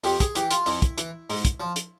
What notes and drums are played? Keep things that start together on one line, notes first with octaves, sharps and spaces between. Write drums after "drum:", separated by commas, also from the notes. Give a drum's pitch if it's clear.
F2 G4, drum: open hi-hat
G#4, drum: kick, hi-hat
E3 G4, drum: hi-hat
F4, drum: hi-hat
F2 E4, drum: open hi-hat
drum: kick, hi-hat
E3, drum: hi-hat
G#2, drum: open hi-hat
drum: kick, hi-hat
F3
drum: hi-hat